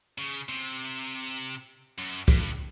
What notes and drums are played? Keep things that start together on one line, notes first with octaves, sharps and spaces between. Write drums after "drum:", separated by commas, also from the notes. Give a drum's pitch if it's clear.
C#3
C3
F#2
G2, drum: kick